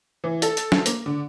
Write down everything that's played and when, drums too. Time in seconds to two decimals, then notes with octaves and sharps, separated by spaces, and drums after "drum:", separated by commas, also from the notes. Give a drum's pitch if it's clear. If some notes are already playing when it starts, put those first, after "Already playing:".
0.24 E3
0.42 A4, drum: hi-hat
0.57 drum: hi-hat
0.72 drum: snare
0.86 A#3, drum: hi-hat
1.06 D3